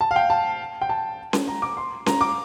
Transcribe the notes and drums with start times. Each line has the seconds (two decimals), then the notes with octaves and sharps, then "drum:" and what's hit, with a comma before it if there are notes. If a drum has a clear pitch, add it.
0.01 A5
0.11 F5
0.16 G5
0.30 A5
0.82 G5
0.89 A5
1.33 drum: snare C#4
1.48 A#5
1.62 D6
1.77 C6
2.06 A#5, drum: snare C#4
2.21 D6